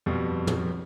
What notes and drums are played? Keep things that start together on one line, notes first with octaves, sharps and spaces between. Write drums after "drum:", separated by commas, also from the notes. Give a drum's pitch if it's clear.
F2 B2 F3 G3
drum: tom